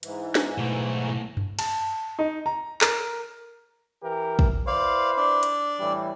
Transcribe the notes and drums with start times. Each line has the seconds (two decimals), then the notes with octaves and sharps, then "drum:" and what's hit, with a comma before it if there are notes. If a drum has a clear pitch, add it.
0.03 G#2 E3, drum: hi-hat
0.35 drum: snare
0.58 B1 A2 A3
1.37 drum: tom F#2
1.59 A5, drum: cymbal
2.19 D#4
2.46 A#5
2.81 A#4, drum: clap
4.03 E3 G4 A#4
4.39 drum: kick
4.67 E4 B4 C5 D5 F5
5.17 D4 D5
5.43 drum: hi-hat
5.80 A2 E3 G3